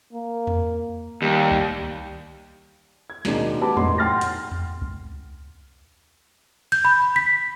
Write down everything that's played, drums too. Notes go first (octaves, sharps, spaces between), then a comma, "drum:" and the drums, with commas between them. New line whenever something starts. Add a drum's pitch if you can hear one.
A#3
drum: tom E2
D#2 G3
drum: kick C2
G#6
D#2 B2 G#3 D4 D#4, drum: snare
F#4 G4 B4 A5 B5 D6
E1 A2 F#3 D#4 C6, drum: tom E2
F#5 G5 C6 F6 A6 A#6
drum: hi-hat
drum: tom E2
drum: kick C2
G6, drum: cymbal
B5
B6